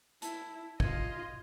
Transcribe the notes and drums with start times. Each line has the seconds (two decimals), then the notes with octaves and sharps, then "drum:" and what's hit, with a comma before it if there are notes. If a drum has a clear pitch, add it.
0.22 E4 A5, drum: hi-hat
0.80 F4 D#5 G#6, drum: kick